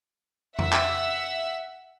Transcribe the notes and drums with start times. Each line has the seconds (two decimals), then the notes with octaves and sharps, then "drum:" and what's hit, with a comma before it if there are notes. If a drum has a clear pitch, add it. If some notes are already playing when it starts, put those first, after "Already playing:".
0.59 E5 F#5 E6, drum: tom F2
0.73 drum: clap